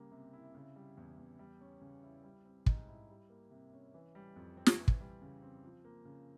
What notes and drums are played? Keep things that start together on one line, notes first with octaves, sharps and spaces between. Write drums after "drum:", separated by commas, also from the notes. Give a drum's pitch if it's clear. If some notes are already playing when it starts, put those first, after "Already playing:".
Already playing: C#3 G3 A#3
C3
E4
C#3
G3
E2
E2
G3
C#4
C#3
E4
G3
C4
G#2, drum: kick
E4
G3
A#3
C3
C#4
E3
G3
F2
C4
drum: snare
E3
drum: kick
G3
C#3
C4
F3
A#3
C#3